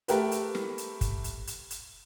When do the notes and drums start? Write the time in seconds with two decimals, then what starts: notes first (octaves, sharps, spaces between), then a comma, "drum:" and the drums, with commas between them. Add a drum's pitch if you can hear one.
0.08 A3 G4 A#4 B4, drum: hi-hat
0.31 drum: hi-hat
0.55 drum: snare
0.78 drum: hi-hat
1.01 drum: kick, hi-hat
1.24 drum: hi-hat
1.47 drum: hi-hat
1.70 drum: hi-hat